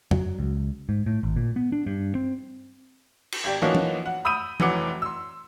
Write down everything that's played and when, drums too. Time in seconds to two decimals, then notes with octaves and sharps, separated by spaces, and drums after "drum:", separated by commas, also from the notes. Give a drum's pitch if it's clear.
0.11 F#3, drum: tom F2
0.39 C#2
0.89 G#2
1.06 A2
1.23 G#1
1.36 A#2
1.56 B3
1.72 D4
1.86 G2
2.15 C4
3.32 drum: cymbal
3.44 G#1 G4 D5
3.62 E3 F3 A#3 C#4 D#4 F#4
3.75 drum: tom F3
4.06 F#5
4.25 B5 D#6 E6 G6 D#7
4.60 F1 E3 F#3 F#5 D6 C#7, drum: tom F3
5.02 C6 E6